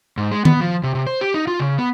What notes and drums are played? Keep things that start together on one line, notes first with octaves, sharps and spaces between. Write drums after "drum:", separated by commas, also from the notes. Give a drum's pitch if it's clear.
G#2
G#3
B3, drum: tom D#3
F3
C3
C3
C5
G4
D#4
F4
C#3
B3